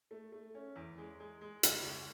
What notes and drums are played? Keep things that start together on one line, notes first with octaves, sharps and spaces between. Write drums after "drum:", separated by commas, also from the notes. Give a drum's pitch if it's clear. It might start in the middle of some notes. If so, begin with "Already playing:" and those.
A3
A3
C#4
E2
G#3
G#3
G#3
C#2, drum: hi-hat
C#2